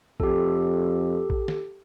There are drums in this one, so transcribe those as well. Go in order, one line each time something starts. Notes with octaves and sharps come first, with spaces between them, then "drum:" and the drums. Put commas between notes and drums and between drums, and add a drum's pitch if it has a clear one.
F2 G4 A4, drum: kick A#1
drum: kick A#1
drum: snare